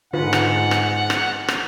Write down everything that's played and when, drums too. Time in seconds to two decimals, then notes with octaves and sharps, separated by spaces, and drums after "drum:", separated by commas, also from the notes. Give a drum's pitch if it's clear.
0.13 G#2 D3 F4 B4 F#5
0.33 drum: rim click
0.71 drum: rim click
1.10 drum: rim click
1.48 drum: rim click